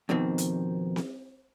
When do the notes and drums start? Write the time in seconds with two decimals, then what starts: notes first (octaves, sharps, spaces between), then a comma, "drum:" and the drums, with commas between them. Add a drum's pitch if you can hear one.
0.09 F2 B2 D#3 C4
0.38 drum: hi-hat
0.96 drum: snare C4